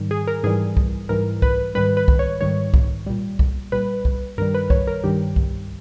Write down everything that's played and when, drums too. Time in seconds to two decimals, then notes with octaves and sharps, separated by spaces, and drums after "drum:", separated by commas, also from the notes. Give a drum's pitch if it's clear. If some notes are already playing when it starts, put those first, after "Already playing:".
Already playing: G#2 D#3 G3
0.11 G#4
0.27 A#4
0.43 G#2 E3 G3 G#4
0.77 drum: kick
1.09 G#2 E3 G3 A#4
1.42 B4, drum: kick
1.75 G#2 D#3 G3 B4
1.97 B4
2.08 drum: kick
2.19 C#5
2.41 G#2 D#3 G3 C#5
2.74 drum: kick
3.06 A#2 G3
3.39 drum: kick
3.72 A#2 G3 B4
4.05 drum: kick
4.38 G2 D#3 G3 A#4
4.54 B4
4.70 C#5, drum: kick
4.87 A#4
5.04 G2 D#3 G3 G4
5.36 drum: kick